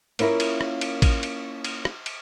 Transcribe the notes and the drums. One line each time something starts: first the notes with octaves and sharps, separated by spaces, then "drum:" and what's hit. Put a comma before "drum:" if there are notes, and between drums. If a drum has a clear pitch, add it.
A#3 C#4 E4 F4 A#4, drum: cymbal
drum: cymbal
drum: rim click
drum: cymbal
drum: kick A1, cymbal
drum: cymbal
drum: cymbal
drum: rim click
drum: cymbal